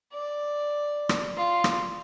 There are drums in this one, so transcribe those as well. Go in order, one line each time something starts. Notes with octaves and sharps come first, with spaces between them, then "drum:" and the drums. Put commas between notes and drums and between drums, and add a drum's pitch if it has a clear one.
D5
drum: rim click
F4
drum: rim click